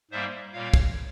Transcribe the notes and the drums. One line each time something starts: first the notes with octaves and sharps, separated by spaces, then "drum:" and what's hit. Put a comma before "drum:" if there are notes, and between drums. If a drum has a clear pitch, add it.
G#2 G3 A#3 C5 E5
A#2 G3 A#3 C#5 F5
drum: kick